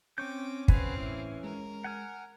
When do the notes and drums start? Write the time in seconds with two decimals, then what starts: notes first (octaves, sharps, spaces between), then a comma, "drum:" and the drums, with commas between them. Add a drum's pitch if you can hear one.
0.18 C4 C#4 G5 C#6 D6 G6
0.68 B1 E2 D3 C4 F#4 B4 F5 G#5, drum: kick
0.97 A2 E3 E4
1.44 G#3 A#4
1.84 F#5 G#5 F6